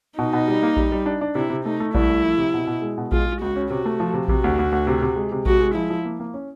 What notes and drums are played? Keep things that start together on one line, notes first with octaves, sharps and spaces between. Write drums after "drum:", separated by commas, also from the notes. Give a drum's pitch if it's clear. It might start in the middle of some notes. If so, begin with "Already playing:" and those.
B2 D#4
B2
G3
A#3
G3, drum: kick A#1
G3
D4
D4
C3 E4
C3
A3 D#4
A3
C2 E4, drum: kick A#1
A3
F3
C3
B2
B2
G#3
B2
G#3 F4, drum: kick A#1
G#3
C#2 F#4
C#4
C3 F#4
A3
F3
C3
C3 F#4, drum: kick A#1
D2
D2
D2
C3
C3
G#3
C3
G#3 F#4, drum: kick A#1
G#3
F3 E4
F3
A#3
A#3
C#4